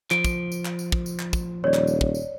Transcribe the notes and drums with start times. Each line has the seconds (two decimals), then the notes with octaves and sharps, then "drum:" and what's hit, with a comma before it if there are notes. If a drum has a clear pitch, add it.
0.11 F3 D7, drum: clap
0.25 drum: kick, tambourine
0.52 drum: tambourine
0.65 drum: clap
0.79 drum: tambourine
0.92 drum: kick
1.06 drum: tambourine
1.20 drum: clap
1.33 drum: kick, tambourine
1.64 D#1 C#5 D5
1.74 drum: clap
1.87 drum: tambourine
2.01 drum: kick
2.15 drum: tambourine